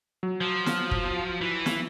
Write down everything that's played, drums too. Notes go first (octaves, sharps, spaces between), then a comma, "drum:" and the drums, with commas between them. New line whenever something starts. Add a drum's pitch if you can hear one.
F#3
F3
drum: snare
drum: kick
E3
drum: snare